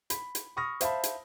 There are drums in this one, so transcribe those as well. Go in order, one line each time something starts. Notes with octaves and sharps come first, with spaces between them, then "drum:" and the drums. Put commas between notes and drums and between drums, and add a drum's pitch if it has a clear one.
B5, drum: hi-hat
drum: hi-hat
B5 C#6 D#6 F6 A#6
C5 E5 F5 A5 B5, drum: hi-hat
drum: hi-hat